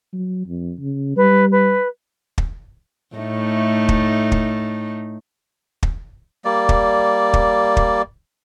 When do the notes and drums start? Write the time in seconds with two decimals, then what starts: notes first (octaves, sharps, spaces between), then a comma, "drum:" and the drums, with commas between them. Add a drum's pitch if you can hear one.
0.13 F#3
0.47 F2
0.80 C#3
1.16 G3 B4
1.51 B4
2.38 drum: kick
3.16 A2 A3 D#4
3.89 drum: kick
4.32 drum: kick
5.83 drum: kick
6.45 G3 A#3 D5
6.69 drum: kick
7.34 drum: kick
7.77 drum: kick